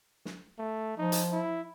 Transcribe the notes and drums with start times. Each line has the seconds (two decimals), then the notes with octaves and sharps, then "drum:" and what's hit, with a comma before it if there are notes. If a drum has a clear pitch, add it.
0.25 drum: snare
0.59 A3
0.98 F3 D#4
1.12 drum: hi-hat
1.32 E4